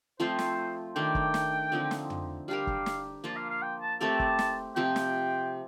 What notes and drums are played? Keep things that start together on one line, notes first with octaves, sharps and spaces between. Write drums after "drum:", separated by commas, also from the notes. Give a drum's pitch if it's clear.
F3 A3 C4 F4 C5
drum: snare
D#3 A3 D4 G5
drum: kick
drum: snare
D3 F3 C4 D#4
drum: snare
drum: tom
G3 D4 G4 A#4 F5
drum: kick
drum: snare
F3 A#3 F4 D5
F5
F5
G5
A5
A3 C4 G4 A#4 A5
drum: kick
drum: snare
C3 F3 C4 G5
drum: snare